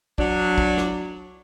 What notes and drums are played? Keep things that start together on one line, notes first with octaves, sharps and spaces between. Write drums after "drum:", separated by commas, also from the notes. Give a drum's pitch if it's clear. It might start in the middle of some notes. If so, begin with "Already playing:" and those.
F#3 D4, drum: kick
drum: kick
drum: snare